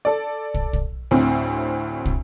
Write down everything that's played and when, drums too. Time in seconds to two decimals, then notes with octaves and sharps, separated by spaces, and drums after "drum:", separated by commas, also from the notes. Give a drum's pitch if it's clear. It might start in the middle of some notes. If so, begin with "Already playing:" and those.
0.05 A4 D5
0.54 drum: kick
0.73 drum: kick
1.11 D2 A2 C4
2.05 drum: kick